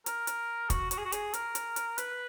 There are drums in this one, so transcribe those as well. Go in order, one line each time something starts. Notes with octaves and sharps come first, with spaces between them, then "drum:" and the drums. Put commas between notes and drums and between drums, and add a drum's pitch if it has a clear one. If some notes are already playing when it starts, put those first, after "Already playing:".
A#4, drum: hi-hat
drum: hi-hat
F#4, drum: kick, hi-hat
F#4, drum: hi-hat
G#4
F#4
G#4, drum: hi-hat
A#4, drum: hi-hat
drum: hi-hat
drum: hi-hat
B4, drum: hi-hat